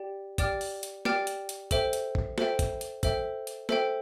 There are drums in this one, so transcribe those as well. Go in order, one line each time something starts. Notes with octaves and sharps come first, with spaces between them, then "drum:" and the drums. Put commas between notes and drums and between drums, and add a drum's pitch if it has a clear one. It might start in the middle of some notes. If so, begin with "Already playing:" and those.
Already playing: G4 D5 G5
G4 D5 G5 D6 F6, drum: kick, hi-hat
drum: open hi-hat
drum: hi-hat
G4 D5 G5 D6 F6, drum: snare
drum: hi-hat
drum: hi-hat
A4 C5 E5 G5, drum: kick, hi-hat
drum: hi-hat
drum: kick
A4 C5 E5 G5, drum: snare
drum: kick, hi-hat
drum: hi-hat
A4 C5 E5 G5, drum: kick, hi-hat
drum: hi-hat
A4 C5 E5 G5, drum: snare